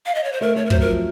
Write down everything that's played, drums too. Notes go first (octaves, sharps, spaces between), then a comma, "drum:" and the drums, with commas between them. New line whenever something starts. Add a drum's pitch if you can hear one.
F5
D#5
C#5
C5
A3 A#4
A3 C#5
A#4
F#3 C5, drum: kick
A#4
F3